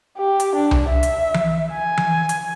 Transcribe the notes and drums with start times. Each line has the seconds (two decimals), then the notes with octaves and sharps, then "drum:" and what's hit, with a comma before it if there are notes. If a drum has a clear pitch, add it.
0.18 G4
0.40 drum: hi-hat
0.55 D4
0.71 drum: tom C2
0.89 E5
1.03 drum: hi-hat
1.34 drum: tom E3
1.72 G#5
1.98 drum: tom E3
2.29 drum: hi-hat